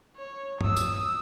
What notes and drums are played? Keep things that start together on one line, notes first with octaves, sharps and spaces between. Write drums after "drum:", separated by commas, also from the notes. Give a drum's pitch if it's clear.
C#5
D#6 E6, drum: tom G2
drum: tambourine